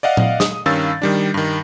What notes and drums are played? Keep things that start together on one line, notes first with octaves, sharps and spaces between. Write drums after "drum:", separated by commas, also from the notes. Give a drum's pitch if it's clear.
D5 D#5 F5 F#5
drum: tom A#2
D#6, drum: snare
G2 D#3 C#4 F5 E6 A6
D#3 G3 D4
G2 D#3